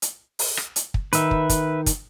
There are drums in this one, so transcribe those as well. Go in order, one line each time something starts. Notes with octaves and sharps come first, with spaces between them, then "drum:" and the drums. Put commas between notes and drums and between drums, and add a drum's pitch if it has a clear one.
drum: hi-hat
drum: open hi-hat
drum: rim click
drum: hi-hat
drum: kick
D#3 B4 E5, drum: hi-hat
drum: kick
drum: kick, hi-hat
drum: kick, hi-hat